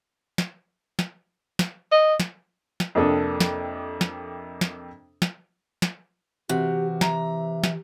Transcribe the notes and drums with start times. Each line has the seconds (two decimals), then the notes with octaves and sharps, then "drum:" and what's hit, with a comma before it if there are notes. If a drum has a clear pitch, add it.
0.38 drum: snare
0.99 drum: snare
1.59 drum: snare
1.92 D#5
2.20 drum: snare
2.80 drum: snare
2.95 F2 C3 A#3 D4 A4 D#6
3.40 drum: snare
4.01 drum: snare
4.61 drum: snare
5.22 drum: snare
5.82 drum: snare
6.49 C3 E3 F#4 G4
7.01 E5 A#5, drum: snare
7.64 drum: snare